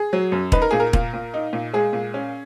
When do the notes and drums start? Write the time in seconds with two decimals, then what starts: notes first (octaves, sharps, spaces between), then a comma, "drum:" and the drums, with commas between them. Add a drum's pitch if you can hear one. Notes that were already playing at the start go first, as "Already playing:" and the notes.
Already playing: G#4
0.13 F#3
0.32 F#2
0.52 D#4 B4, drum: kick E1
0.62 A#4
0.71 A#2 G#4
0.80 A#4
0.93 A#2, drum: kick E1
1.14 A#2
1.34 D#4
1.53 A#2
1.73 G#3 G#4
1.93 A#2
2.14 C#4